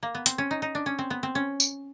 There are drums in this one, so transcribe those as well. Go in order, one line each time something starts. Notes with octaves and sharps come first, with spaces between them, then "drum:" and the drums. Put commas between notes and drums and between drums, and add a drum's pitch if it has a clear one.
A#3
B3
C4, drum: hi-hat
C#4
D#4
D#4
D4
C#4
C4
B3
C4
C#4
drum: tambourine